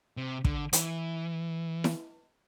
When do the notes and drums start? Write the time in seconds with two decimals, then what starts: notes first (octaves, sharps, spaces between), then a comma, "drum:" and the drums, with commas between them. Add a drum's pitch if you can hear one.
0.17 C3
0.45 D3, drum: kick
0.73 E3, drum: hi-hat
1.84 drum: snare E4